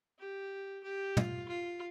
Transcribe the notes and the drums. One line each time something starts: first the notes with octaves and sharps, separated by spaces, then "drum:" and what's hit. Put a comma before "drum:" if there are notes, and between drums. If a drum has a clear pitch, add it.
G4
G4
F4, drum: tom
F4